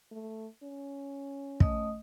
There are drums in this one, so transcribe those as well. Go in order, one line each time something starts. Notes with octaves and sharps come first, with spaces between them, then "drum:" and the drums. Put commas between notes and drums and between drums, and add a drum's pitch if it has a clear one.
A3
C#4
A3 D#5 D#6, drum: kick